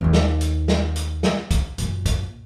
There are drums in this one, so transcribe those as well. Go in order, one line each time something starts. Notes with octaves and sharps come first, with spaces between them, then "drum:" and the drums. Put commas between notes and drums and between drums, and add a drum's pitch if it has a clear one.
D#2 D#3
drum: snare
drum: hi-hat
drum: snare
drum: hi-hat
drum: snare
drum: kick, hi-hat
F#2 A#2, drum: hi-hat
drum: kick, hi-hat